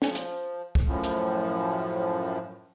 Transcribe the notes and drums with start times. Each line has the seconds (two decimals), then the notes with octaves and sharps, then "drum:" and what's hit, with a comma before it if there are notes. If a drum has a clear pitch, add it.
0.02 F3, drum: snare
0.15 drum: hi-hat
0.75 drum: kick
0.86 F#2 A2 F3
1.04 drum: hi-hat